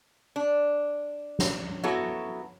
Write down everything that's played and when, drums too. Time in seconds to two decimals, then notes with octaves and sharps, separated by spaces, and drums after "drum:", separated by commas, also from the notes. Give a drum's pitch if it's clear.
0.36 D4
1.39 drum: snare
1.83 F#3 B3 E4 F#4 A4